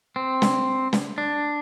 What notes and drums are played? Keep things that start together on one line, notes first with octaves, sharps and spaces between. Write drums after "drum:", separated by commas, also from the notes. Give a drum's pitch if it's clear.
C4
drum: snare
drum: snare
D4